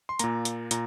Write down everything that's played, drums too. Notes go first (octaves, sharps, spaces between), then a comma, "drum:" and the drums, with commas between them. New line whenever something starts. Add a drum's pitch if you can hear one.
C6
A#2 A#3 A#5, drum: hi-hat
drum: hi-hat
A#2 A#5, drum: hi-hat